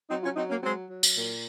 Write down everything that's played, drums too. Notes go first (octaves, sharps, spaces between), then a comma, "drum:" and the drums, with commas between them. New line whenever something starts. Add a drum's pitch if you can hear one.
F#3 C4 D#4
C#4 F4
F#3 C4 D#4
A#3 C#4
F#3 G#3 C4
F#3
drum: tambourine
A#2 A#3